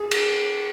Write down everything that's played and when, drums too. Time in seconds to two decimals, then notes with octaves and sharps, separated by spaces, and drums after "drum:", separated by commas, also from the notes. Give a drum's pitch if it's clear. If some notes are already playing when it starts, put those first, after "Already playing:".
Already playing: G#4
0.11 drum: cymbal